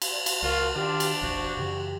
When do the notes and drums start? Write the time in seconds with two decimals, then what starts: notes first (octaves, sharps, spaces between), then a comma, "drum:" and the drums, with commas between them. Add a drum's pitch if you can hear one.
0.02 drum: cymbal
0.11 D5
0.26 drum: cymbal
0.42 C#2 F4 F#4 A#4
0.75 D#3 D4 F4 G4
1.00 drum: cymbal
1.21 E1 A1 E2 F#4 C5
1.57 F#2 C#3 E3 G4